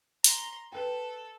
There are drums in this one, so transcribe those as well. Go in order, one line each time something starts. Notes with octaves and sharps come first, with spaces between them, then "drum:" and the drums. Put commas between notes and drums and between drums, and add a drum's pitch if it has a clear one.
A#5 C6, drum: hi-hat
A4 B4 G5